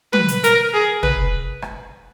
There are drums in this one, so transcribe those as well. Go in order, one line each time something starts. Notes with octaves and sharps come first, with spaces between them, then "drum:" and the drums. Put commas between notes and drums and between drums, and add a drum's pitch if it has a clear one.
B4, drum: tom
drum: hi-hat
A#4, drum: hi-hat
G#4
B4, drum: tom
drum: rim click